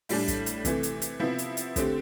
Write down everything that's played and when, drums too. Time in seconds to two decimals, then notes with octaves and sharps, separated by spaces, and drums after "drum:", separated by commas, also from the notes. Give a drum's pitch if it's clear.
0.09 A2 G3 D4, drum: open hi-hat
0.28 drum: kick, hi-hat
0.46 drum: hi-hat
0.65 C3 E3 A3, drum: kick, hi-hat
0.83 drum: hi-hat
1.02 drum: hi-hat
1.20 C3 F3 B3 E4
1.38 drum: hi-hat
1.57 drum: hi-hat
1.76 D3 A3 C4 G4, drum: kick, hi-hat